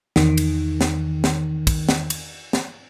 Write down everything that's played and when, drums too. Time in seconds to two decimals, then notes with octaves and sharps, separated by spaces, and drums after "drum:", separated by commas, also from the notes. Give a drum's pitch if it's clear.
0.16 E2 D#3, drum: snare
0.37 drum: cymbal
0.81 drum: snare
1.24 drum: snare
1.67 drum: kick, cymbal
1.89 drum: snare
2.10 drum: cymbal
2.53 drum: snare